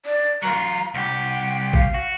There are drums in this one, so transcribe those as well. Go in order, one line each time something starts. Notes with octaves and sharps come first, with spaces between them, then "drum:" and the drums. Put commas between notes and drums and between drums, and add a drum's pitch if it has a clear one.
D5
F#3 F4 A#5
C2 G4 F#5
F5, drum: kick
F#4